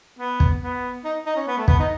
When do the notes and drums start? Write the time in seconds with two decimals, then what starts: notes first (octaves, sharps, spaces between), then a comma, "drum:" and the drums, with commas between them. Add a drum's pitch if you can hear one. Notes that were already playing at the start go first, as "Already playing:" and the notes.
0.19 B3
0.40 drum: kick
0.61 B3
1.04 D#4
1.26 D#4
1.36 C#4
1.47 B3
1.58 A3
1.68 B3, drum: kick
1.79 D#4